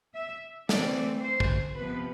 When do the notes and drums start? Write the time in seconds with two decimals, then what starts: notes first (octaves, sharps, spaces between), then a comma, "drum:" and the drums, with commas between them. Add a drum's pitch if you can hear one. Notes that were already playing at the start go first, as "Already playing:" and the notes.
0.14 E5
0.69 E3 A3 C4 D5, drum: snare
1.22 C5
1.40 drum: kick
1.76 C3 F3 B3 B4